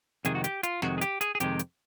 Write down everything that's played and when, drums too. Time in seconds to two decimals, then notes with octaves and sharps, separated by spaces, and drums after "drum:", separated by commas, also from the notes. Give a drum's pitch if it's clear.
0.25 F2 C3 D#3 G#3 G#4, drum: hi-hat
0.35 F#4
0.44 G4, drum: hi-hat
0.63 F4, drum: hi-hat
0.82 F2 C3 D#3 G#3 F#4, drum: snare
0.98 G#4
1.01 G4, drum: hi-hat
1.21 G#4, drum: hi-hat
1.35 G#4
1.40 F2 C3 D#3 G#3 G4, drum: hi-hat
1.59 drum: hi-hat